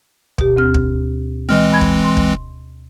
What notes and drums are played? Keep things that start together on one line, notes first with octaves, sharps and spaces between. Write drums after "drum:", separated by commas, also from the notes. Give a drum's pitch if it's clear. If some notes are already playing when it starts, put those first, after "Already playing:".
B2 G4, drum: kick
D2 C4 F6
drum: kick
E3 G#3 C4 D#5 F6
G#5 B5 G#6
drum: kick
C6
drum: kick